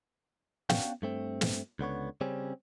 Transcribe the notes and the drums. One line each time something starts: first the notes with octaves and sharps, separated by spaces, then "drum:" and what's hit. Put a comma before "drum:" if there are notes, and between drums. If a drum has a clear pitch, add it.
B3 C#4 D4 F#4 F5 G5, drum: snare
G2 A3 C4
drum: snare
C#2 D3 B3 C#5
C#3 G3 C4 C#4